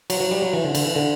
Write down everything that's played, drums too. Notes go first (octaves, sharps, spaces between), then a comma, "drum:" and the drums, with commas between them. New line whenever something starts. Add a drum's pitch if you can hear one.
F#3, drum: cymbal
F#3
G3
F#3
E3
D3
D3, drum: cymbal
E3
D3